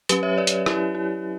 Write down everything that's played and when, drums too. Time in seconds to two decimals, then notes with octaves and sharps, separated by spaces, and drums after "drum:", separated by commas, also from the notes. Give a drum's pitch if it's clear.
0.09 F#3 C#4 G4 B4, drum: hi-hat
0.23 C#5 E5
0.38 B4 D5
0.47 drum: hi-hat
0.66 E4 G4, drum: rim click
0.95 E4